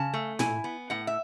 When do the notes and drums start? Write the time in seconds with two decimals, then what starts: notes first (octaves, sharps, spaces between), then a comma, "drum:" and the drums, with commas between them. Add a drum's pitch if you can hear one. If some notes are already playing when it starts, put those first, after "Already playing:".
Already playing: C#3 A5
0.14 A3
0.39 E4 G#5, drum: tom A2
0.64 B3
0.90 A2 F#5
1.07 E5